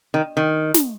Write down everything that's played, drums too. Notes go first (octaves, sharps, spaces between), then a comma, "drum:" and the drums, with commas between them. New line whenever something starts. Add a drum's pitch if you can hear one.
D#3
D#3
drum: snare